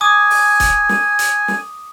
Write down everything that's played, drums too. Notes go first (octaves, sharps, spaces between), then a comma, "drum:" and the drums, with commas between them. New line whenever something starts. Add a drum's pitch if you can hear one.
G#5 D6 D#6
drum: open hi-hat
drum: kick, hi-hat
drum: snare
drum: hi-hat
drum: snare